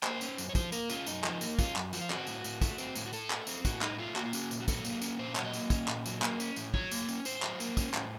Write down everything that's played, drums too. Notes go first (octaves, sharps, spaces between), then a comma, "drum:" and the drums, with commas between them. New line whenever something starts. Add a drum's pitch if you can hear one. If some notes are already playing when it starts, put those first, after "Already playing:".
A#3 C5, drum: clap
C#4, drum: tambourine
F#2, drum: tambourine
C#5
F3 C5, drum: kick, tambourine
A#3 A#4, drum: tambourine
C#4 F4, drum: tambourine
F#2 D#4, drum: tambourine
F3, drum: clap
A#3, drum: tambourine
C#4 F4, drum: kick, tambourine
F#2, drum: clap
F3 F#4, drum: tambourine
F4
C4 F#4, drum: clap
A2, drum: tambourine
A2, drum: tambourine
A3, drum: kick, tambourine
C4, drum: tambourine
A2, drum: tambourine
F#4
A2 A4, drum: tambourine
A3, drum: clap
C4, drum: tambourine
A2 F#4, drum: kick, tambourine
A2 D#4, drum: clap
A3 F4
A#3 F#4, drum: clap
F4
C#4 F#4, drum: tambourine
A#2, drum: tambourine
F#4
F#3 A4, drum: kick, tambourine
A#3, drum: tambourine
C#4, drum: tambourine
A#2 C5
F#3 C#5, drum: clap
D#5
A#3, drum: tambourine
C#4, drum: kick, tambourine
A#2, drum: clap
F#3, drum: tambourine
A#3, drum: clap
C#4, drum: tambourine
A2, drum: tambourine
F#3 C#5, drum: kick
A#3, drum: tambourine
C#4, drum: tambourine
A2 C5, drum: tambourine
F#3, drum: clap
A#3, drum: tambourine
C#4, drum: kick, tambourine
A2, drum: clap